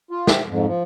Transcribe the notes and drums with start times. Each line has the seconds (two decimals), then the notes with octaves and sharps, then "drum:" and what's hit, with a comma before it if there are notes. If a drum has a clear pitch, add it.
0.11 F4
0.27 G4 E5, drum: snare
0.49 F2 G#2
0.66 F3